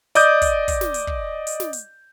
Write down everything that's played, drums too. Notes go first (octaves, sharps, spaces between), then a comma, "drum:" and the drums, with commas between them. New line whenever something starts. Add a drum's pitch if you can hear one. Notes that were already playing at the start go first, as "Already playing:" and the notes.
D5 D#5 D6 D#6 G6, drum: hi-hat
drum: kick, hi-hat
drum: kick, hi-hat
drum: snare
drum: hi-hat
drum: kick
drum: hi-hat
drum: snare
drum: hi-hat